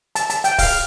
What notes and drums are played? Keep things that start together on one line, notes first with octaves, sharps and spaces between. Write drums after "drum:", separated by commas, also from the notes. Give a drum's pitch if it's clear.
A5, drum: hi-hat
A5, drum: hi-hat
G5, drum: hi-hat
F5, drum: kick C#1, open hi-hat